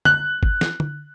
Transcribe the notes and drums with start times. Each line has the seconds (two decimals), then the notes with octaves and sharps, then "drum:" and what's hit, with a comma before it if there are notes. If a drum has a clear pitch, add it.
0.05 F#6, drum: tom
0.43 drum: kick G1
0.61 drum: snare
0.80 drum: tom